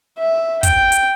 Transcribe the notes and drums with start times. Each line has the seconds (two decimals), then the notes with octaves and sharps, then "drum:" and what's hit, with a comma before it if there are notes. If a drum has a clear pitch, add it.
0.19 E5
0.63 G5, drum: kick, hi-hat
0.92 drum: hi-hat